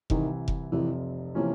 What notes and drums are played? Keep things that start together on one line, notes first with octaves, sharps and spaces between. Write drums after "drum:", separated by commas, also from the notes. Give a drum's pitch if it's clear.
C2 C3 D#3 E3, drum: kick F1
drum: kick F1
F1 F2 C3 E3
C3 E3 F3 A#3 C#4